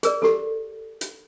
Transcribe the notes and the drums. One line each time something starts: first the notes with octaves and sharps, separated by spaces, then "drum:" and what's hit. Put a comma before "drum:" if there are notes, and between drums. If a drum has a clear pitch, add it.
G#4 A#4 D5, drum: hi-hat
G4 A4, drum: snare
drum: hi-hat